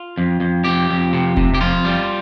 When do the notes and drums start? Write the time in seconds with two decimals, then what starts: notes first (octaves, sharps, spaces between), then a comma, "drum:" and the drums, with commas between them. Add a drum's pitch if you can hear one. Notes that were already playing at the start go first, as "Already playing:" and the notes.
Already playing: F4
0.17 F2
0.40 F2
0.64 F2 G4
0.90 F2
1.13 C3
1.37 C3, drum: kick E1
1.54 G4
1.61 F2 F4
1.85 G3